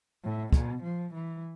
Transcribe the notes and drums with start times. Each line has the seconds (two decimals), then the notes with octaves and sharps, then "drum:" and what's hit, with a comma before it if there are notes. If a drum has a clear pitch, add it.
0.22 A2
0.53 B2, drum: kick
0.82 F3
1.13 E3